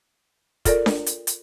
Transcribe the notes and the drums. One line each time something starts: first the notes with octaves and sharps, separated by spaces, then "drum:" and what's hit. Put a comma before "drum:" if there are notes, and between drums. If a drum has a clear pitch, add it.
F4 A4 A#4 D5, drum: kick, hi-hat
drum: snare D4
drum: hi-hat
drum: hi-hat